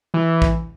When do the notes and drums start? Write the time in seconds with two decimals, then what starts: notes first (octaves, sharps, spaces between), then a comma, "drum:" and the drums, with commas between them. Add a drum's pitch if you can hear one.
0.14 E3
0.42 drum: kick